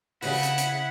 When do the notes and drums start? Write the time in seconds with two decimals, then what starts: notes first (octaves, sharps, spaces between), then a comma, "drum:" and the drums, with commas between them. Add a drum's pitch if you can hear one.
0.22 C#3 E4 F#5, drum: open hi-hat
0.43 drum: hi-hat
0.58 drum: hi-hat